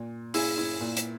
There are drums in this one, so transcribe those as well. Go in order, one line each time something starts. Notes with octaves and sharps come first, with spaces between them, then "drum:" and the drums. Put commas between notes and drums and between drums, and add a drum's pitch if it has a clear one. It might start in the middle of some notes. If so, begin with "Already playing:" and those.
Already playing: A#2
E4 G#4, drum: open hi-hat
E4
A#2
drum: hi-hat